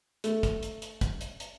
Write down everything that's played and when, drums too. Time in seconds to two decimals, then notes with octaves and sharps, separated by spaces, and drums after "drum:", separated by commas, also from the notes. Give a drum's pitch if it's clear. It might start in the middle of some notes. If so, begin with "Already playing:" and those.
0.24 A3, drum: hi-hat
0.43 drum: kick, hi-hat
0.63 drum: hi-hat
0.82 drum: hi-hat
1.01 drum: kick, hi-hat
1.21 drum: hi-hat
1.40 drum: hi-hat